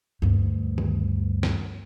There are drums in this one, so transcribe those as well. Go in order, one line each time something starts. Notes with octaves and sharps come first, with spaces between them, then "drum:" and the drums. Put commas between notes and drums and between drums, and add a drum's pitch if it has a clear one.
D2 G2
drum: tom D#3
drum: snare